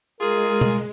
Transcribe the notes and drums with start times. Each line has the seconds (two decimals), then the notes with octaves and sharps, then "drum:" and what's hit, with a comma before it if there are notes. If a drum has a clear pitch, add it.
0.20 G#3 F4 G#4 A#4
0.61 drum: tom B2